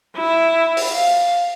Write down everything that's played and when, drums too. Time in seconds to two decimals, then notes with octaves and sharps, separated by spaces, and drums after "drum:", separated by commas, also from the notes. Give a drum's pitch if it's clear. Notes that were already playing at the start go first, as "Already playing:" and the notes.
0.16 E4
0.77 drum: open hi-hat
0.93 F5